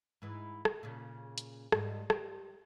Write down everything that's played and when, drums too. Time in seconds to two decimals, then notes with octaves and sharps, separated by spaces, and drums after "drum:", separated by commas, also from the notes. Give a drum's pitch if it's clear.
0.22 G#2 E3
0.65 drum: rim click
0.83 A#2 C#3
1.38 drum: hi-hat
1.72 G#2 G3, drum: rim click
2.10 G4 C5, drum: rim click